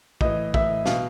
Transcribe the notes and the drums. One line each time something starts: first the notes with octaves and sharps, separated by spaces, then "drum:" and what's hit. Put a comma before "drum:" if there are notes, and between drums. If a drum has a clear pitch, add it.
A2 E3 D#5, drum: kick
A2 E3 E5, drum: kick
B2 F5, drum: snare